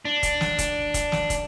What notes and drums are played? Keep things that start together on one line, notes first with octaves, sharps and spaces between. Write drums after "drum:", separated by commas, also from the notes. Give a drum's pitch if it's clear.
D4
drum: kick, hi-hat
drum: snare
drum: kick, hi-hat
drum: kick, hi-hat
drum: snare
drum: kick, hi-hat